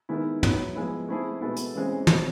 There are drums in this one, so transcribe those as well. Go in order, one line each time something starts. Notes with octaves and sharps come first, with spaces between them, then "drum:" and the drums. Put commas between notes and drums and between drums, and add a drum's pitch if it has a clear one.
D#3 G#3 B3 E4
F#3 B3 E4, drum: tom
F3 G#3 B3 E4
A3 C4 E4 G#4
B2 G#3 B3 E4 A4
drum: hi-hat
C#3 E3 G#3 C4
B2 F#3 A3 C4 F4, drum: tom